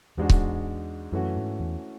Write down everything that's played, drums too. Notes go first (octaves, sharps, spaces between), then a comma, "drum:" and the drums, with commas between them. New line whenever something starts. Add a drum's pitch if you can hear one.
E2 G#2 G#3 D4 F#4
drum: kick C#1
F#2 E3 A3 C#4 F#4
G#2
E2